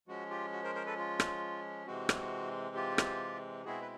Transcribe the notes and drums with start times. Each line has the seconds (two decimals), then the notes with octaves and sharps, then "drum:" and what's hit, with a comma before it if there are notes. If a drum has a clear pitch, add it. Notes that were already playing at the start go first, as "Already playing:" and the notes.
0.08 F3 G#3 C#4 F#4
0.30 F4 G4
0.53 F#4
0.64 A#4 C5
0.75 A#4 C5
0.86 A4 B4
0.98 F4
1.20 drum: rim click
1.87 C3 E3 G#3 C4 F#4
2.09 drum: rim click
2.75 F4 G4
2.98 drum: rim click
3.65 B2 G#3 C4 E4 F#4 G#4
3.82 B4